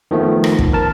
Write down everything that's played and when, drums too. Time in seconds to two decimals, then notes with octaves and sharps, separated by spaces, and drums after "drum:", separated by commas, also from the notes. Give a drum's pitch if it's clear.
0.11 D#3 F3 A3 B3
0.44 drum: rim click
0.59 drum: kick
0.73 A#4 A5